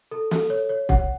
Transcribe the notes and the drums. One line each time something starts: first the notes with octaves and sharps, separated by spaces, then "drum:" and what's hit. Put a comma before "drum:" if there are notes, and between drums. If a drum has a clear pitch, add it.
A4
A4, drum: snare
C#5
C#5
F#5, drum: kick